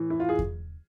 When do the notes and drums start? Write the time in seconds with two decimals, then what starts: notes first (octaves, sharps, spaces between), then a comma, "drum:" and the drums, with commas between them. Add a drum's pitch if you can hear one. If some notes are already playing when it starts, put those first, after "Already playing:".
Already playing: A2 E3
0.10 E4
0.20 F4
0.29 G#4
0.39 drum: kick E2